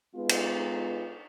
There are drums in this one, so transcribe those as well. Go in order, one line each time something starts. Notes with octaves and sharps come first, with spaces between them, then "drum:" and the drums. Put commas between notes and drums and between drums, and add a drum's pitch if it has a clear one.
G#3 B3 D#4 F4 G#4 B4
drum: cymbal